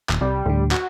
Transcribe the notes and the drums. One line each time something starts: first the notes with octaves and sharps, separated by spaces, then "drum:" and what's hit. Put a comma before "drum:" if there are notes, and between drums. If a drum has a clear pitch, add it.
D#1, drum: clap
C2 G3
D2 A2 D3
F#4, drum: clap